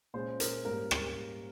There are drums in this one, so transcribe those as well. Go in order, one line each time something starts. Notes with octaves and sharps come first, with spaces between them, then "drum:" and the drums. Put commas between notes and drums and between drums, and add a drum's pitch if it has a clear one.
A#2 G#3 C#4 C5
A#4, drum: hi-hat
G#2 G3 A#3 C#4 A#4
drum: rim click